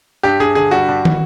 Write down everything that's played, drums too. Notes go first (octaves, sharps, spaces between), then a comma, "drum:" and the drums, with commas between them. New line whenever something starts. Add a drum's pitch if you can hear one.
G2 G4
G2 G#4
D3 G#4
G3 F#4
G2
drum: tom